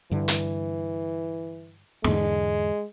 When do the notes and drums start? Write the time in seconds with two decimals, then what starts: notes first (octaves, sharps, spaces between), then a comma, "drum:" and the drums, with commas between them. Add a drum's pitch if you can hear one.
0.11 G2 D3 E3
0.28 drum: hi-hat
2.04 E2 G#2 D3 G#3, drum: snare